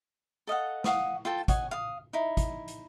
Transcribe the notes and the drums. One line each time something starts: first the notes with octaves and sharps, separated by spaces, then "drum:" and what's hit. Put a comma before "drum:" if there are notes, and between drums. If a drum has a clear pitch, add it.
A4 D#5 F5 F#5
F5 F#5 C#6 D#6, drum: snare
F4 A4 G5 A5
C#5 D#5 F#5 G#5, drum: kick, hi-hat
F5 D#6
D#4 E4
drum: kick, hi-hat
drum: hi-hat